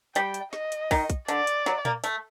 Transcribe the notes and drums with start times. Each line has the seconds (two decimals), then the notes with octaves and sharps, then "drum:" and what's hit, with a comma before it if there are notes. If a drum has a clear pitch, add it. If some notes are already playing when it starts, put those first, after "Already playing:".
0.15 G3 G5, drum: hi-hat
0.34 drum: hi-hat
0.53 D#5, drum: snare
0.72 drum: hi-hat
0.91 D#3, drum: kick, open hi-hat
1.10 drum: kick, hi-hat
1.28 D3 D5, drum: hi-hat
1.47 drum: hi-hat
1.66 F#3, drum: snare
1.85 A#3, drum: tom A#2
2.04 A3, drum: hi-hat